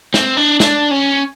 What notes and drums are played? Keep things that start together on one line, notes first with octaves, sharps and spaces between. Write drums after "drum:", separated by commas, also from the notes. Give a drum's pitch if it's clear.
C4, drum: snare
D4
D4, drum: snare
C#4